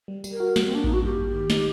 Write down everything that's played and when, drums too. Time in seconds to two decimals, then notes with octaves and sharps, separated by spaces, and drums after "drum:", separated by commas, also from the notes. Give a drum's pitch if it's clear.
0.08 G3
0.24 G3, drum: tambourine
0.32 A#4
0.40 F#4
0.56 G3, drum: snare
0.66 C4
0.71 A#3 D4
0.84 A#3 D#4, drum: kick A1
0.93 F#4
1.02 G2 G4
1.19 G2
1.35 D#3
1.50 D#4, drum: snare